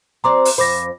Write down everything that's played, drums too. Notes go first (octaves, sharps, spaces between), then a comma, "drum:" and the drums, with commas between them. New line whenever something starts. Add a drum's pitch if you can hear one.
F#3 C4 D5 A#5 C6 D6
drum: open hi-hat
F2 C5 B5 D6 A#6